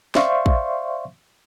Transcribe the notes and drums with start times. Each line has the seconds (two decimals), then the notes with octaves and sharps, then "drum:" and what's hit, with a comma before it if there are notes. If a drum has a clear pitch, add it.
0.15 C5 D5 E5 F5 C6 C#6, drum: snare
0.46 drum: kick